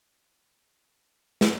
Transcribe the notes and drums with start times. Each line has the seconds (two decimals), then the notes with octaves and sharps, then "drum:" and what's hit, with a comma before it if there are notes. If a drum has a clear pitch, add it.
0.20 D#4 F4 F#4 E5
0.89 G#3
1.41 drum: snare